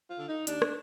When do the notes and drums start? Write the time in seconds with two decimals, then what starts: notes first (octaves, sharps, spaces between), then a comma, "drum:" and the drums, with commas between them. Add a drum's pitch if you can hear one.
0.10 F4
0.19 D3
0.29 D#4
0.47 D#2 D4, drum: hi-hat
0.62 drum: rim click